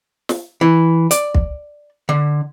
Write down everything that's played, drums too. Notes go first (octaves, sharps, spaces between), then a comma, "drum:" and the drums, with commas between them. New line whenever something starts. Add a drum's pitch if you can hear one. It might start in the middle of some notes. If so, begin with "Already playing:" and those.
drum: snare
E3
D5, drum: hi-hat
drum: kick
D3